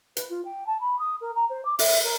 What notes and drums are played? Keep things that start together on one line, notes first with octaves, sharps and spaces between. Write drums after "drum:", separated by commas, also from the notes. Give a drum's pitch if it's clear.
B4, drum: hi-hat
F4
G5
A5
B5
D#6
A#4
A#5
C5
D6
E5, drum: open hi-hat
A#4